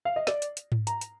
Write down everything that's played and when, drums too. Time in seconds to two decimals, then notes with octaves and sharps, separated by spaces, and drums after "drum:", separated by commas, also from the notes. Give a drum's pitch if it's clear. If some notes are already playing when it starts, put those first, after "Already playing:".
0.05 F5
0.16 D#5
0.27 D5, drum: snare
0.42 drum: hi-hat
0.57 drum: hi-hat
0.72 drum: tom G#2
0.87 A#5, drum: hi-hat
1.01 drum: hi-hat